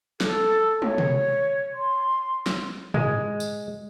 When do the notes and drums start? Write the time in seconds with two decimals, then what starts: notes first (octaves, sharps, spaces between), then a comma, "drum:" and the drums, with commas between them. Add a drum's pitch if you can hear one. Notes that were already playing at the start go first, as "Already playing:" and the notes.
0.21 A4, drum: snare
0.82 C#5, drum: tom
0.98 drum: tom B2
1.74 C6
2.46 drum: snare
2.94 G#3, drum: tom G#2
3.40 drum: tambourine